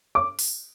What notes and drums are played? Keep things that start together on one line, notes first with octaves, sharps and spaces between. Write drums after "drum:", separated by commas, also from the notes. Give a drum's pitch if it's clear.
D6
drum: open hi-hat